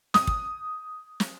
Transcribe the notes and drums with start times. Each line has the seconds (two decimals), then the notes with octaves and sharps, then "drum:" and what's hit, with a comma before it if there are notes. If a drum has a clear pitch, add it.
0.14 D#6, drum: snare
0.27 drum: kick
1.20 drum: snare